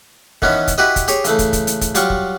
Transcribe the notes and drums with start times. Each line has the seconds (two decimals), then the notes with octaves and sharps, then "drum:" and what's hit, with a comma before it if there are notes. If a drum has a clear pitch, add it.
0.42 D#3 E3 B3 C#4 E4, drum: kick
0.68 drum: kick, hi-hat
0.78 E4 F#4 G4 B4 D#5
0.96 drum: kick, hi-hat
1.08 G4 G#4 C#5, drum: hi-hat
1.24 C#3 E3 A3, drum: hi-hat
1.39 drum: kick, hi-hat
1.53 drum: kick, hi-hat
1.67 drum: hi-hat
1.81 drum: kick, hi-hat
1.95 F#3 G3 F4 G5 C#6, drum: hi-hat
2.10 drum: kick